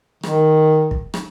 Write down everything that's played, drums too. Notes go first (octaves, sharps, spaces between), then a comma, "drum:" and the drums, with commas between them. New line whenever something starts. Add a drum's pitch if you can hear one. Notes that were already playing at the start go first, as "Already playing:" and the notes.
D#3, drum: rim click
drum: kick
drum: rim click